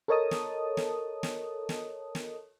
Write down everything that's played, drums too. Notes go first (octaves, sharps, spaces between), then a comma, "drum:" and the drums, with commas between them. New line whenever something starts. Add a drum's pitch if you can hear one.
A4 A#4 C#5 D#5 A5 D#6
drum: snare
drum: snare
drum: snare
drum: snare
drum: snare